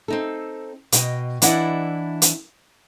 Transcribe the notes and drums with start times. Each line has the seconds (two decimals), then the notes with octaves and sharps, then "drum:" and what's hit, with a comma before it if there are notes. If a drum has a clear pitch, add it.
0.08 C4 D#4 A4
0.92 B2 D#5 G5, drum: hi-hat
1.42 E3 D4 E4 D5 D#5 F#5, drum: hi-hat
2.22 drum: hi-hat